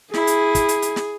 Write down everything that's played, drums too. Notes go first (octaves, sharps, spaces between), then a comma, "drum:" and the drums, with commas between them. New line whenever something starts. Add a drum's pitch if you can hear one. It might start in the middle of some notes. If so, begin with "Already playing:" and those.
E4 G#4, drum: snare
drum: hi-hat
drum: kick, hi-hat
drum: hi-hat
drum: hi-hat
drum: snare